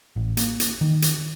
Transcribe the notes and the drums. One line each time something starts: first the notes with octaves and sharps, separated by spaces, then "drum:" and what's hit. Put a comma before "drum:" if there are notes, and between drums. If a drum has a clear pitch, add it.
A1
A#3, drum: hi-hat
drum: hi-hat
D#3
drum: hi-hat